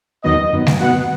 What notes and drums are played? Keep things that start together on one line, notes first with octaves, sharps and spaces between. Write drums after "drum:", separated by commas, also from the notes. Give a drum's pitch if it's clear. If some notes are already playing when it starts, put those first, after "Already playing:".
D#2 D#3 F#3 B3 D#5
F#2 D#3 B3
drum: snare G3
B2 B3 F#4 F#5